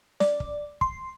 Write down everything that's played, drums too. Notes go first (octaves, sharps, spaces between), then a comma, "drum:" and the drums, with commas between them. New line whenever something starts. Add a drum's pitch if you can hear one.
D5, drum: snare
drum: kick
C6, drum: kick